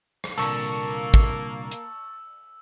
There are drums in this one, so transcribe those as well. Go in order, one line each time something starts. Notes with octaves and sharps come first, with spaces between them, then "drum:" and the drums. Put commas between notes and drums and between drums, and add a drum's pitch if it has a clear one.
drum: rim click
C2 A#2 D3 A#3 A5 C#6 E6, drum: cymbal
drum: kick
drum: hi-hat